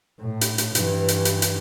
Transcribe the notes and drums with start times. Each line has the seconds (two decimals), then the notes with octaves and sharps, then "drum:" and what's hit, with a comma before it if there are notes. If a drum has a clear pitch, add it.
0.21 A2
0.41 drum: hi-hat
0.58 drum: hi-hat
0.75 G2 E3, drum: hi-hat
1.08 drum: hi-hat
1.25 drum: hi-hat
1.42 drum: hi-hat